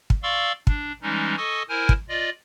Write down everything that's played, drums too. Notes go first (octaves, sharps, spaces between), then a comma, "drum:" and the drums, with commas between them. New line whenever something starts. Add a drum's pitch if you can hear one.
drum: kick
D5 F5 C6 C#6 E6
D4, drum: kick
E3 G3 G#3 C#4 D#4
A4 D#5 G#5 C#6 D#6
E4 A#4 C5 G#5 F6
drum: kick
F4 D5 D#5